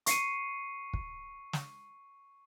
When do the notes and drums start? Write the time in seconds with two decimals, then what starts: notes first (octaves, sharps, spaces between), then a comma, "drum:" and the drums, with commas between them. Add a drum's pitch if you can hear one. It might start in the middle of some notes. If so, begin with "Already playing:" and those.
0.06 C#6 C7 C#7 D#7, drum: hi-hat
0.93 drum: kick
1.53 drum: snare